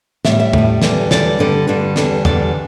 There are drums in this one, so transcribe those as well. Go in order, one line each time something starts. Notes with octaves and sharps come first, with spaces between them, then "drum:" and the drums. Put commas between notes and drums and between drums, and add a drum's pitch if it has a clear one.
A2 G3 E5, drum: snare
E5
A2 G3, drum: tom
E2 D3 G3, drum: snare
E2 D3 G3 D5, drum: snare
G2 D3 G3
G2 D3 G3
E2 D3 G3, drum: snare
E2 D3 G3 D5, drum: tom